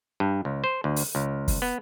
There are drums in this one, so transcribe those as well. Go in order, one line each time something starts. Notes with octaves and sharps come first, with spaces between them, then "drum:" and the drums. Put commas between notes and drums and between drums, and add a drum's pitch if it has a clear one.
G2
C#2
C5
D2
drum: open hi-hat
C#2
drum: kick, open hi-hat
B3